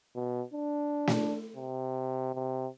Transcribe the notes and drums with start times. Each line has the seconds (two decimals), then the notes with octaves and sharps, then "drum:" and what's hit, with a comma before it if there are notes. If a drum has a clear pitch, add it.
0.16 B2
0.54 D4
1.07 drum: snare
1.56 C3
2.35 C3